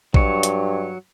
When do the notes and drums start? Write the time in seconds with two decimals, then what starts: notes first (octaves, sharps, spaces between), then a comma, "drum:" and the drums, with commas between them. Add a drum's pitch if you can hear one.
0.14 G2 F#3 C#5, drum: kick A#1
0.43 drum: hi-hat